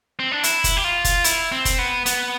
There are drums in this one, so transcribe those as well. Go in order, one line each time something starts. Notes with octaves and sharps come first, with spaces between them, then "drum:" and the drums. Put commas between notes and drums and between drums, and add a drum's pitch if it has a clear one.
C4
D4
E4, drum: hi-hat
drum: kick F#1, hi-hat
G4
F4
drum: kick F#1, hi-hat
E4, drum: hi-hat
C4
drum: kick F#1, hi-hat
B3
B3, drum: hi-hat